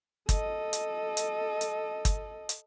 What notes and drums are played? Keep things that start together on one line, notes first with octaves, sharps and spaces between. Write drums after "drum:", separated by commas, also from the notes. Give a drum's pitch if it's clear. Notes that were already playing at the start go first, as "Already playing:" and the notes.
A4 D#5, drum: kick, hi-hat
drum: hi-hat
drum: hi-hat
drum: hi-hat
drum: kick, hi-hat
drum: hi-hat